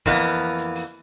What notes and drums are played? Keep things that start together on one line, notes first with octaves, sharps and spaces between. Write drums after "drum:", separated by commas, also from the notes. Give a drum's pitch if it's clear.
F2 E3 A#3 B3, drum: kick, hi-hat
drum: hi-hat
drum: open hi-hat